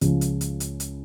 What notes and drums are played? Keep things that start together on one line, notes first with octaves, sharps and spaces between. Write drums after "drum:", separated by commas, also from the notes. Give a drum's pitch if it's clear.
C#2 C#3 F3, drum: hi-hat
drum: hi-hat
drum: hi-hat
drum: hi-hat
drum: hi-hat